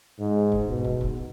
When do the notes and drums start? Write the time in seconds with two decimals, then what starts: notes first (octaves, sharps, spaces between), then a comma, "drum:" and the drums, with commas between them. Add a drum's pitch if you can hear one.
0.19 G#2
0.52 drum: kick
0.68 B2
0.85 drum: kick
1.01 drum: kick